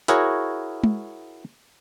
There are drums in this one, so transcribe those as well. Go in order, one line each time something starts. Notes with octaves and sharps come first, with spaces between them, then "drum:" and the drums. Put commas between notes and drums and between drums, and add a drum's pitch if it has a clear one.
E4 F#4 G#4 A#4 C#5, drum: hi-hat
drum: tom G#3